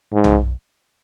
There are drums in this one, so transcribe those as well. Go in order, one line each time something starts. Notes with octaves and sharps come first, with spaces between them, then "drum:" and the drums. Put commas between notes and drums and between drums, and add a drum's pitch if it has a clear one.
G#2
drum: tom